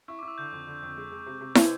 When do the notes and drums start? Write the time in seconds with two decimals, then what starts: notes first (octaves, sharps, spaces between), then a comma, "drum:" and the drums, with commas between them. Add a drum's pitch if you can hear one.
0.08 E4 C#6
0.19 E4 D6
0.28 E6
0.38 D3 G6
0.52 F2
0.67 D3
0.82 F2
0.97 G#3
1.11 G#3
1.26 C3
1.41 C3
1.55 C4 G#6, drum: snare